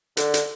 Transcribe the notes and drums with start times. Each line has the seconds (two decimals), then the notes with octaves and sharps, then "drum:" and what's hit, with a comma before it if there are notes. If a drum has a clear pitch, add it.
0.17 D3, drum: hi-hat
0.34 drum: hi-hat